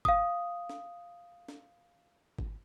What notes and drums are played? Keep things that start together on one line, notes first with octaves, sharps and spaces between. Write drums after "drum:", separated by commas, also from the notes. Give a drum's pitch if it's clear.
F5 D#6, drum: kick G#1
drum: snare
drum: snare
drum: kick G#1